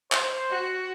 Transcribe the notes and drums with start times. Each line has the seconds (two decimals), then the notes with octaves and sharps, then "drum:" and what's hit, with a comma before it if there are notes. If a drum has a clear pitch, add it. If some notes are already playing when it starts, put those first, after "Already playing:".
0.12 C5, drum: clap
0.50 F#4